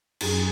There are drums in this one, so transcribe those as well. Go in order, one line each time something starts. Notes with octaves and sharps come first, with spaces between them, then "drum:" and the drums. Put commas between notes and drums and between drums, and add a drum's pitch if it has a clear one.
F#2 G#4, drum: cymbal